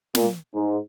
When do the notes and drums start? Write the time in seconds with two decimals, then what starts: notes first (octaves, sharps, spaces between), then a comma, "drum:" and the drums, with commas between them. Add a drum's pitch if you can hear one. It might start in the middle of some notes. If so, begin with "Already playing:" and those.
0.15 A#2, drum: snare
0.54 G#2